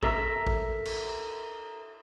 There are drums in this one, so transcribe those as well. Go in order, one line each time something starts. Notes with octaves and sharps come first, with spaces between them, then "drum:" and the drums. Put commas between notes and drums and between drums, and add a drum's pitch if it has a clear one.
A4 A#4 E5 E6, drum: kick A1
drum: kick A1
drum: cymbal